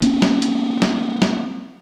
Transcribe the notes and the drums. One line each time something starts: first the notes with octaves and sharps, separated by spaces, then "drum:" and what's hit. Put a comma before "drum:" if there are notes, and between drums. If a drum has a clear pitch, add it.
A#3 C4 C#4, drum: hi-hat
drum: snare
drum: hi-hat
drum: snare
drum: snare